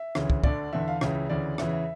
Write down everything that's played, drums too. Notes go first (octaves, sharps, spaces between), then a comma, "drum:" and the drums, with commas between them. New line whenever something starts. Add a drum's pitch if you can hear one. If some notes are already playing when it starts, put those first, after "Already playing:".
Already playing: E5
D2 C#3 E3, drum: rim click
drum: kick
D2 D3 D5, drum: kick
E2 D3 E5
F5
C#2 C#3 E3 E5, drum: rim click
D2 C#3 E3 D5
E2 C#3 E3 E5, drum: rim click
E5